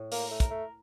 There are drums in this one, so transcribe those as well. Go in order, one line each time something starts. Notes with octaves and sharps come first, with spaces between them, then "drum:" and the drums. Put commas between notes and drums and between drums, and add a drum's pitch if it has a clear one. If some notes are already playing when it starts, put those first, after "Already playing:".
Already playing: A2
A#3 A#4, drum: open hi-hat
A3
A#4, drum: kick, hi-hat
A3